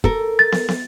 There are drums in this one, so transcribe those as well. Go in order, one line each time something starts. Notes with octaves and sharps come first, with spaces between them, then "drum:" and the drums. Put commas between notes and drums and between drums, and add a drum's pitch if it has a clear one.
A4 A#4, drum: kick
A6
drum: snare
drum: snare